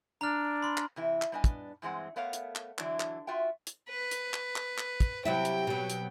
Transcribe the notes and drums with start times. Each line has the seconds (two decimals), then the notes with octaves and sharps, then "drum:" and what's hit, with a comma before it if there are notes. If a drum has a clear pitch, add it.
0.21 D4 A#5 F6
0.62 B5 C6
0.77 drum: clap
0.96 C3 E3 E4
1.22 drum: clap
1.32 G3 B3 D4 D#5 G#5
1.44 drum: kick, hi-hat
1.82 G2 E3 G#3 C4 F#5
2.16 A3 B3 A#4 C#5 F5 F#5
2.33 drum: hi-hat
2.55 drum: clap
2.78 D3 E3 F#3 D4 E4, drum: clap
3.00 drum: clap
3.27 F4 F#4 E5 G5
3.67 drum: hi-hat
3.89 B4
4.11 drum: hi-hat
4.34 drum: clap
4.56 drum: clap
4.78 drum: clap
5.00 drum: kick, hi-hat
5.25 C3 F#3 E4 G5
5.45 drum: hi-hat
5.67 B2 F#3
5.90 drum: hi-hat